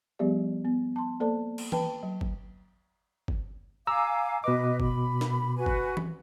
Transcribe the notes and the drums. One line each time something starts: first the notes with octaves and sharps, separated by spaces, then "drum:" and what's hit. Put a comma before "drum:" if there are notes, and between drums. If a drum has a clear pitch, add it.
F3 G3 B3 G4 G#4 D5
B3
A5 C6
A#3 A4 C5 D5 A5
drum: cymbal
B4 G5 A5 B5, drum: tom E3
F#3
drum: kick
drum: kick
F5 G#5 A#5 D6 E6
B2 B4 D#5 D6
B5, drum: kick
drum: snare
F#4 B4 G#5
drum: kick
drum: tom E3